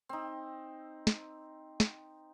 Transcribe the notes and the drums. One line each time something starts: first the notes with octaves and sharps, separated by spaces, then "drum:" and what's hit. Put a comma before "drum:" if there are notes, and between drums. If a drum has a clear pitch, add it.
C4 D#4
drum: snare
drum: snare